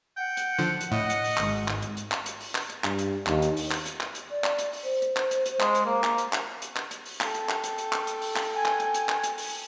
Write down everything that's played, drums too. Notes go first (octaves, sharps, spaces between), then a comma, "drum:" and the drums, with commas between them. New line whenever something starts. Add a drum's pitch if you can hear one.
F#5 G5
drum: hi-hat
D3 F3
drum: hi-hat
A2 D#5
drum: hi-hat
drum: open hi-hat
G#1 G#2, drum: clap
drum: clap
drum: hi-hat
drum: hi-hat
drum: clap
drum: hi-hat
drum: open hi-hat
drum: clap
drum: hi-hat
G2, drum: clap
drum: hi-hat
D#2, drum: clap
drum: hi-hat
drum: open hi-hat
drum: clap
drum: hi-hat
drum: clap
drum: hi-hat
D5
drum: clap
drum: hi-hat
drum: open hi-hat
C5
drum: hi-hat
drum: clap
drum: hi-hat
drum: hi-hat
G#3, drum: clap
drum: hi-hat
A#3
drum: clap
drum: hi-hat
drum: clap
drum: hi-hat
drum: clap
drum: hi-hat
drum: open hi-hat
A4 G5, drum: clap
drum: hi-hat
drum: clap
drum: hi-hat
drum: hi-hat
drum: clap
drum: hi-hat
drum: open hi-hat
drum: clap
G#5
drum: clap
drum: hi-hat
drum: hi-hat
drum: clap
drum: hi-hat
drum: open hi-hat